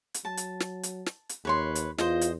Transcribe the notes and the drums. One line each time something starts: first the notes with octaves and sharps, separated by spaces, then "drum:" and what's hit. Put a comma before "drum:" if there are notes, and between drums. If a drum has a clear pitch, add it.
drum: hi-hat
F#3 A5
drum: hi-hat
drum: snare
drum: hi-hat
drum: snare
drum: hi-hat
D#2 B4 C#5 C6
drum: hi-hat
E2 F4 C5 D#5, drum: snare
drum: hi-hat